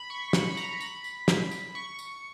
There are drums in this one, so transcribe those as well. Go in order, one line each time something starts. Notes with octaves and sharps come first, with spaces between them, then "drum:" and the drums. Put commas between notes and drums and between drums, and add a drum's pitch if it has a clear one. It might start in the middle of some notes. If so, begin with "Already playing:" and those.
Already playing: B5
C#6
B5, drum: snare
B5
A#5, drum: tambourine
B5, drum: tambourine
drum: tambourine
drum: snare
drum: tambourine
C#6
drum: tambourine